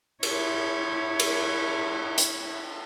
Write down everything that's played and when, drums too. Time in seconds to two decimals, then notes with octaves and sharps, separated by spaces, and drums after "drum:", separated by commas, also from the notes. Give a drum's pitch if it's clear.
0.23 E4 C#5, drum: cymbal
1.20 drum: cymbal
2.18 drum: hi-hat